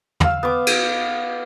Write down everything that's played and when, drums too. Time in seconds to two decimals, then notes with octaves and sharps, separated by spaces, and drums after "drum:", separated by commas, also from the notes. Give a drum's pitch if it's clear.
0.20 F5 E6, drum: tom
0.43 B3 D6
0.67 drum: cymbal